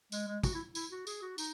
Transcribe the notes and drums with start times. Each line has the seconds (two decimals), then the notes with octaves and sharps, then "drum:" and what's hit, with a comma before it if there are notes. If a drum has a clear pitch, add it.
0.12 G#3, drum: tambourine
0.27 G#3
0.43 F#4, drum: kick, tambourine
0.54 E4
0.75 E4, drum: tambourine
0.91 F#4
1.07 G#4, drum: tambourine
1.22 F#4
1.38 D#4, drum: tambourine